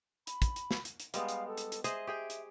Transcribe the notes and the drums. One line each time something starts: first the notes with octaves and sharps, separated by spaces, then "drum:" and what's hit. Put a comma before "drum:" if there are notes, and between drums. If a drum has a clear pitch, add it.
B5, drum: hi-hat
drum: kick, hi-hat
drum: hi-hat
drum: snare
drum: hi-hat
drum: hi-hat
G3 G#3 B3 F5, drum: hi-hat
drum: hi-hat
A4
drum: hi-hat
drum: hi-hat
G#4 C5 D#5 E5, drum: hi-hat
G4 G#4 G5
drum: hi-hat